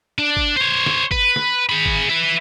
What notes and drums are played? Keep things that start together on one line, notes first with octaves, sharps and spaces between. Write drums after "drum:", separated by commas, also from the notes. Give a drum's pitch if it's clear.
D4
drum: kick G1
C5 C#5
drum: snare
B4, drum: kick G1
drum: snare
G#4 B5
drum: kick G1
B4 E5